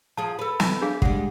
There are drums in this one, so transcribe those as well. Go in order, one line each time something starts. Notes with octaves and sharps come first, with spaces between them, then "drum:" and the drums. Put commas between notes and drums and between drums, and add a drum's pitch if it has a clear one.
F3 G#4 A5
A4 B4
drum: snare
D4 G#4 F5
G3 G#3 F#5, drum: kick